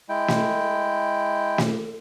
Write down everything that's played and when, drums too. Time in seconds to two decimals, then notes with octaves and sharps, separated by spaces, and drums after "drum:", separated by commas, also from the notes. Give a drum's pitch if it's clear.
0.09 G#3 E4 G5
0.28 drum: snare
1.58 drum: snare